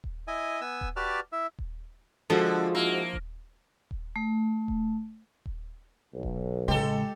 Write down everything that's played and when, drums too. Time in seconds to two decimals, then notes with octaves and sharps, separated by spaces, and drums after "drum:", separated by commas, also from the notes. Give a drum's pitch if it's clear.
0.04 drum: kick D#1
0.28 E4 D#5 G#5
0.61 B3 G#5 E6
0.81 drum: kick D#1
0.96 F#4 G4 B4 D5 A5 F6
1.32 E4 E5
1.59 drum: kick D#1
2.30 D3 F3 G#3 F4 F#4 A4
2.75 A#3 E4
3.13 drum: kick D#1
3.91 drum: kick D#1
4.16 A3
4.68 drum: kick D#1
5.46 drum: kick D#1
6.13 B1
6.23 drum: kick D#1
6.68 A1 C#3 G#3 G4 A4